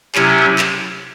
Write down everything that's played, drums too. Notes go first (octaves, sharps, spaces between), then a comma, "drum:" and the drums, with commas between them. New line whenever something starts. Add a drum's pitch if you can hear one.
C3 F#3 C#4 E4, drum: clap
drum: clap